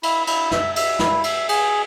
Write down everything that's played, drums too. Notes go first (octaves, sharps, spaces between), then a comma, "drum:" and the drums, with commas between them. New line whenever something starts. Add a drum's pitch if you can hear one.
E4, drum: cymbal
E4, drum: cymbal
E5, drum: snare
E5, drum: cymbal
E4, drum: snare
E5, drum: cymbal
G#4, drum: cymbal